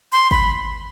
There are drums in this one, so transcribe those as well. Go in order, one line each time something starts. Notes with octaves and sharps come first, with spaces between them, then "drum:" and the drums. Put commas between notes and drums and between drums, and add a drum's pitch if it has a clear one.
C6
B5, drum: kick